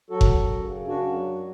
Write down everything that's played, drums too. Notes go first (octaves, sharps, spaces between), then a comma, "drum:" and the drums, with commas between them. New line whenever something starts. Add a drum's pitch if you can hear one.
F#3 F#4 A4
drum: kick F#1
F#2
C#3
F#2 D4 F#4
F#3